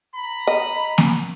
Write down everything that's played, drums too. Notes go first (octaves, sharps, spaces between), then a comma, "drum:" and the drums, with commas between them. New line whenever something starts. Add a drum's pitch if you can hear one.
A#5 B5
D#5
drum: snare A#3